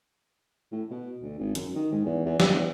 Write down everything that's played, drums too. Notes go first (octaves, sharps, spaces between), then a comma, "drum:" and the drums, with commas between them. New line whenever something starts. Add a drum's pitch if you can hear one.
A2
B2
D2
G#1
F#2, drum: hi-hat
D#3
G#2
E2
E2
G2, drum: snare
E2